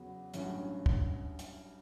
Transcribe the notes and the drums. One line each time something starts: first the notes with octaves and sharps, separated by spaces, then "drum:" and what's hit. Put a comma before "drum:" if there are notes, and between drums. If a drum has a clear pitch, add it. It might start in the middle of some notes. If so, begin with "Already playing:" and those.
Already playing: E2 C#3 F#3 B3 F#4
A1 G2 F#3 C#4, drum: hi-hat
drum: kick
drum: hi-hat